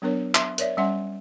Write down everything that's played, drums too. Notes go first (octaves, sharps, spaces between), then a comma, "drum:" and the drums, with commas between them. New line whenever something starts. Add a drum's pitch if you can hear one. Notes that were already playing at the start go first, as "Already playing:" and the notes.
F#3 B3 D4 A#4 C#5
E5 C6, drum: clap
A#4 C#5 D5 E5, drum: hi-hat
G3 C#4 E5 F#5 G#5 C6